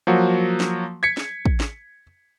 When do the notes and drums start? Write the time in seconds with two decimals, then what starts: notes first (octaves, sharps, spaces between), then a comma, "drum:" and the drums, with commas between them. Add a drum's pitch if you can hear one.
0.07 F3 F#3 A#3 F#4
0.60 drum: snare
1.03 G#6 B6 C#7
1.17 drum: snare
1.46 drum: kick
1.60 drum: snare